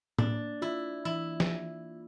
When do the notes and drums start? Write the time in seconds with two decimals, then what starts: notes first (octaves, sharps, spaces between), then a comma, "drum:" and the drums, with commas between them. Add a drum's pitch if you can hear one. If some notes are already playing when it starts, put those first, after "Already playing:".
0.19 A#3 D4, drum: tom A2
0.62 E4 F4
1.05 E3 E4
1.40 drum: snare